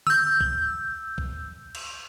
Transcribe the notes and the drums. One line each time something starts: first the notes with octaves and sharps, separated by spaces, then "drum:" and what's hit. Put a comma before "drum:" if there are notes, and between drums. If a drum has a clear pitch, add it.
E6 G6, drum: tom D3
drum: kick
drum: kick
drum: cymbal